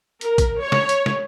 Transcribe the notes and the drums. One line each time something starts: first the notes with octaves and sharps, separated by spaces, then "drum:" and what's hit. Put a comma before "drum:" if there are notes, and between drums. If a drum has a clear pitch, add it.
A#4, drum: hi-hat
drum: kick, hi-hat
C#5
drum: snare
drum: hi-hat
drum: snare